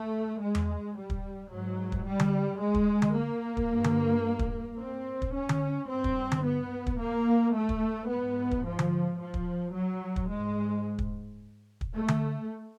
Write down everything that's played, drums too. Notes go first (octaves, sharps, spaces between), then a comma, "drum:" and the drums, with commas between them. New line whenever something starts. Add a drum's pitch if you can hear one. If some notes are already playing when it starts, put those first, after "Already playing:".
Already playing: A3
G#3
drum: tom E2
G3
drum: kick
G#2 F#3
drum: kick
G3
drum: tom D3
G#3
drum: kick
drum: tom D3
A#3
drum: kick
G2
drum: tom D3
drum: kick
C4
drum: kick
C#4
drum: tom D3
G2 C4
drum: kick
drum: tom D3
B3
drum: kick
A#3
A3
drum: kick
G#2 B3
drum: kick
F3
drum: tom D3
F3
drum: kick
F#3
drum: kick
G#2 G#3
drum: kick
drum: kick
A3
drum: tom D3